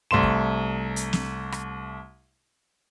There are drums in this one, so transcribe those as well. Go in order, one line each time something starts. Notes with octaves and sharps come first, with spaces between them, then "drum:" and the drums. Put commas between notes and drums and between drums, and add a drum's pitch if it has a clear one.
C2 A3 C6 E7
drum: kick
drum: hi-hat
drum: snare
drum: rim click